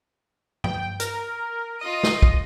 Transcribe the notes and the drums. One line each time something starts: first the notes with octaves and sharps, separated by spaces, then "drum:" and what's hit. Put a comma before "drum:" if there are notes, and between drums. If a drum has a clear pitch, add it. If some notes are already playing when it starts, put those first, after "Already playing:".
G5, drum: tom G2
A#4, drum: hi-hat
F4 D#5 D#7
drum: snare
drum: kick